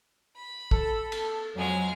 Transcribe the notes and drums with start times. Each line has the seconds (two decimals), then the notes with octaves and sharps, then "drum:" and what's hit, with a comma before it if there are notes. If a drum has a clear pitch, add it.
0.37 B5
0.71 A4, drum: kick
1.12 drum: cymbal
1.55 F2 F#3 G#3 F6